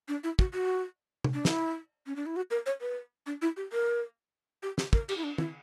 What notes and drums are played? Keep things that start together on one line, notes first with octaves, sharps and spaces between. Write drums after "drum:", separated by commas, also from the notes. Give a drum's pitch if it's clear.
D4
E4
F#4, drum: kick
F#4
drum: tom
D4
E4, drum: snare
C#4
D4
E4
F#4
A#4
C#5
B4
D4
E4
G4
A#4
G4
G4, drum: snare
A#4, drum: kick
G4, drum: cymbal
E4
D4
E4, drum: tom